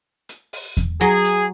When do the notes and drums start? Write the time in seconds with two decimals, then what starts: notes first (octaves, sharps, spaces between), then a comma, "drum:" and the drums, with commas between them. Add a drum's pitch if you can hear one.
0.29 drum: hi-hat
0.53 drum: open hi-hat
0.77 drum: kick E2, hi-hat
1.01 F#3 G#4, drum: hi-hat
1.25 drum: hi-hat